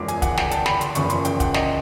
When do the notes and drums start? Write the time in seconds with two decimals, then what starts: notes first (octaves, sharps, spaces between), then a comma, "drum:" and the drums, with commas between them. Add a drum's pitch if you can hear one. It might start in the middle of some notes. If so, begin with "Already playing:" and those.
Already playing: F#1 E2 C#3 F3 G#3 D6
0.08 G#5, drum: hi-hat
0.22 F#5, drum: kick, hi-hat
0.37 G5, drum: snare
0.51 A5, drum: hi-hat
0.66 B5, drum: snare
0.81 C6, drum: hi-hat
0.95 F#1 E2 C#3 F3 C#6, drum: hi-hat
1.10 C6, drum: hi-hat
1.25 G5, drum: hi-hat
1.40 F#5, drum: kick, hi-hat
1.54 D#5, drum: snare